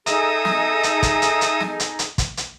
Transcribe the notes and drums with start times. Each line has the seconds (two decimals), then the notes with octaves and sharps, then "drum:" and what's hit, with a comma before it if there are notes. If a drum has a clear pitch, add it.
0.06 D#4 G#4 A4 E5 A#5 D#6, drum: hi-hat
0.45 drum: snare
0.83 drum: hi-hat
1.03 drum: kick, hi-hat
1.22 drum: hi-hat
1.41 drum: hi-hat
1.60 drum: snare
1.80 drum: hi-hat
1.99 drum: hi-hat
2.18 drum: kick, hi-hat
2.37 drum: hi-hat